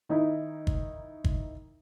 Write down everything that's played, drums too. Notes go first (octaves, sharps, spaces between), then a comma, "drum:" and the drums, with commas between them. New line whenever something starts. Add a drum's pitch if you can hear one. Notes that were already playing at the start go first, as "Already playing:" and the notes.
D#3 D#4 E4
drum: kick G1
drum: kick G1